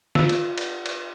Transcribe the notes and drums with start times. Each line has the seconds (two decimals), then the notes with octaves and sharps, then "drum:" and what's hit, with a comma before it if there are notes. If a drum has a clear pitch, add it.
0.15 F4 F5 E6, drum: snare
0.29 drum: cymbal
0.58 drum: cymbal
0.86 drum: cymbal